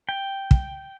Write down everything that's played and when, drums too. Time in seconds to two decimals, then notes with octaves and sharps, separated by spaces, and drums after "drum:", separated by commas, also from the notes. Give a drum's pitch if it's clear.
0.09 G5
0.51 drum: kick